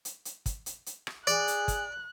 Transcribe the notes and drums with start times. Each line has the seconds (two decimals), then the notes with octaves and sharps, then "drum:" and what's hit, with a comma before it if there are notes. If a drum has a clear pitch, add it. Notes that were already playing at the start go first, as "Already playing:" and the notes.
0.05 drum: hi-hat
0.25 drum: hi-hat
0.46 drum: kick, hi-hat
0.66 drum: hi-hat
0.86 drum: hi-hat
1.07 drum: rim click
1.27 G#4 D5 F#6, drum: hi-hat
1.48 drum: hi-hat
1.68 drum: kick, hi-hat